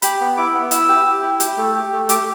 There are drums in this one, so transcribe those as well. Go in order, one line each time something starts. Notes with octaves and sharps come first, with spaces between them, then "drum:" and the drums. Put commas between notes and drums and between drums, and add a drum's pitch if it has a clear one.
G4 B5, drum: hi-hat
B3
E4 D6
B3
E4 E6, drum: hi-hat
G4
G4
E4
G4, drum: hi-hat
A3
G4
A3
G4 D6, drum: hi-hat